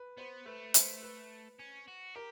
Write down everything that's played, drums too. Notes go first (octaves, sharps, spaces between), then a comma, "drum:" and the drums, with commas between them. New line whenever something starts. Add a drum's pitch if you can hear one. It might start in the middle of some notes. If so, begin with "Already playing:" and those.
Already playing: B4
B3 C5
A3 B4
C5, drum: hi-hat
B4
C#4
F#4
G4 A#4